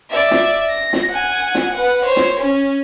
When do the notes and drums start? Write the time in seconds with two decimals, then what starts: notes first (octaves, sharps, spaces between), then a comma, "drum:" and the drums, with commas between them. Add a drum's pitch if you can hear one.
0.11 D5 E5
0.31 drum: snare
0.70 A#6
0.93 drum: snare
1.10 F#5 G#5
1.55 drum: snare
1.74 B4 F#5
2.05 C5 C#5
2.16 drum: snare
2.39 C#4